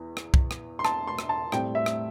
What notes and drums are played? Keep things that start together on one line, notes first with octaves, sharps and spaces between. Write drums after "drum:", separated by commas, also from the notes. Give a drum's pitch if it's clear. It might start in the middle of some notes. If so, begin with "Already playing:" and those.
Already playing: E2 E3
drum: rim click
drum: kick
drum: rim click
C6
A5, drum: rim click
C6
drum: rim click
A5
A2 G3 C4 G5, drum: rim click
E5
drum: rim click